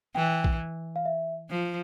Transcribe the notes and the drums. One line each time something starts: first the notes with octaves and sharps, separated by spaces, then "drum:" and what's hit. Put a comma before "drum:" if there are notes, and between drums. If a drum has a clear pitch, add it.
E3 G5
drum: kick A#1
F5
E5
F3